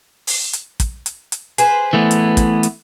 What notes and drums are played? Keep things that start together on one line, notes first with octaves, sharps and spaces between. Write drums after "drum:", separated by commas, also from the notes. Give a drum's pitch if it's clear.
drum: open hi-hat
drum: hi-hat
drum: kick, hi-hat
drum: hi-hat
drum: hi-hat
G#4 B4 C5, drum: hi-hat
E3 A3 B3
drum: hi-hat
drum: kick, hi-hat
drum: hi-hat